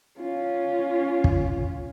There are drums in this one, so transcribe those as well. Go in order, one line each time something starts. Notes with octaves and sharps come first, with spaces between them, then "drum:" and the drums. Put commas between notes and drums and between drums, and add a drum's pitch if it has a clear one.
C#4 F4
drum: kick